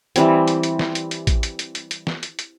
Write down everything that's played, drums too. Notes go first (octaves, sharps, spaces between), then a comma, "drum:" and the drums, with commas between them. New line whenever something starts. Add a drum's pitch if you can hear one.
E3 G3 C4, drum: hi-hat
drum: hi-hat
drum: hi-hat
drum: snare
drum: hi-hat
drum: hi-hat
drum: kick A1, hi-hat
drum: hi-hat
drum: hi-hat
drum: hi-hat
drum: hi-hat
drum: snare
drum: hi-hat
drum: hi-hat